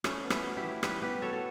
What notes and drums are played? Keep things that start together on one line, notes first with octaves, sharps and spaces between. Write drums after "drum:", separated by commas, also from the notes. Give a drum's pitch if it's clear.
G3 A3 C#4, drum: rim click
B3
C#4 E4, drum: rim click
F#4
E4 G4
E3
G3 G4 B4, drum: rim click
B3 G4 B4
F#4 A4 C#5
A4